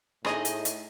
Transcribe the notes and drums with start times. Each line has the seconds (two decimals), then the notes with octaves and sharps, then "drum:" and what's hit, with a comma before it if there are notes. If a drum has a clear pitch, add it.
0.25 A2 D#4 G#4 D#5 G#5 D#6, drum: rim click
0.45 drum: hi-hat
0.65 drum: hi-hat